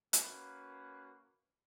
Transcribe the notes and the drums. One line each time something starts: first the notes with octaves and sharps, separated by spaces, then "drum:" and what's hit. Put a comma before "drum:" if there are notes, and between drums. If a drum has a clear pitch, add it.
A#3 C#4 F#4 B4, drum: hi-hat